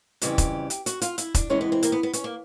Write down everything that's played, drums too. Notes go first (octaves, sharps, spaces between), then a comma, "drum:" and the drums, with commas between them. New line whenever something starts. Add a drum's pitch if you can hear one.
F2 C#3 E3 G3 G4, drum: hi-hat
drum: kick E1, hi-hat
drum: hi-hat
F#4, drum: hi-hat
F4, drum: hi-hat
E4, drum: hi-hat
D4, drum: kick E1, hi-hat
C3 E3 G#3 C#4
B3
C4
A#3, drum: hi-hat
B3
B3
C#4, drum: hi-hat
A#3